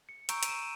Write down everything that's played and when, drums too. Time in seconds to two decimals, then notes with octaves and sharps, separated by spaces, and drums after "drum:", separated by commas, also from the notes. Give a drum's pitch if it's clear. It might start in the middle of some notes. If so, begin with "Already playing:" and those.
0.09 C#7
0.29 A#5 C#6 E6 G6 D7, drum: hi-hat
0.43 D#7, drum: hi-hat
0.49 E7